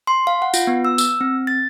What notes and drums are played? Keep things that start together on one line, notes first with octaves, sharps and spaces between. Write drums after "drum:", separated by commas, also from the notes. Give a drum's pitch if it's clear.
C6
F5
F#5
F4, drum: tambourine
B3
E6
E6, drum: tambourine
C4
A6